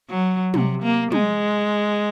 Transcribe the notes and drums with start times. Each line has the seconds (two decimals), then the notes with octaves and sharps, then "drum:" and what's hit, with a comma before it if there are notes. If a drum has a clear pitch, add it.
0.09 F#3
0.54 C3, drum: tom
0.83 A#3
1.12 G#3, drum: tom